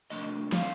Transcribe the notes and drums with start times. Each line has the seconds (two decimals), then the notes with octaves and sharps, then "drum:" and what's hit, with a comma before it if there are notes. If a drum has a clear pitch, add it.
0.10 C3 D#3 A3 D4 D#5
0.52 D#3 G3 C4 D#4 F5, drum: snare